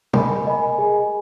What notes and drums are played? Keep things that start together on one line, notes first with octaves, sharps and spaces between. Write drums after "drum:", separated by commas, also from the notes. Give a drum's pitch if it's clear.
A#4 D#5 G#5 B5, drum: tom
A#4 D#5 G#5 B5
G#4 D#5 G#5